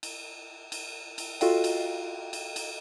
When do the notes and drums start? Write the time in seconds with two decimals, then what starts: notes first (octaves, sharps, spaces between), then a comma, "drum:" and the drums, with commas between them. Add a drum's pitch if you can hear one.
0.03 drum: cymbal
0.72 drum: cymbal
1.18 drum: cymbal
1.41 F4 F#4 A4 D#5 F5 G5, drum: cymbal
1.64 drum: cymbal
2.33 drum: cymbal
2.56 drum: cymbal